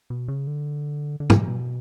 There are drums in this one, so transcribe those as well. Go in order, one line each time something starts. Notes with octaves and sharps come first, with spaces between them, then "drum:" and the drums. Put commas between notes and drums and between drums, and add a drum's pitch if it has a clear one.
B2
C#3
D3
D3
C#3, drum: tom
B2
B2